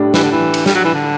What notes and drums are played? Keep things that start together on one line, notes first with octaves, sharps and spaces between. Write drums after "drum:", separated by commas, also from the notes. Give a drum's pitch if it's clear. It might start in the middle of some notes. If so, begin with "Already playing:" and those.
Already playing: A2 G3 D4
E3, drum: snare
D3
E3
drum: cymbal
G3, drum: snare
F#3
E3
D3